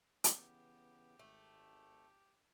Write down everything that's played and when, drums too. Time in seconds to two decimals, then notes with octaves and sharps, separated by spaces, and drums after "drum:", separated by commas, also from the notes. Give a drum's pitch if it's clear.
0.24 C#3 E3 B3 G4, drum: hi-hat
1.19 G#1 A3